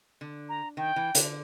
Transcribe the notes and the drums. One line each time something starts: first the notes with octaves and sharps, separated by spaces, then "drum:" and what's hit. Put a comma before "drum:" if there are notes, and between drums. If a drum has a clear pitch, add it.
D3
A#5
D#3 G5
E3
D3, drum: hi-hat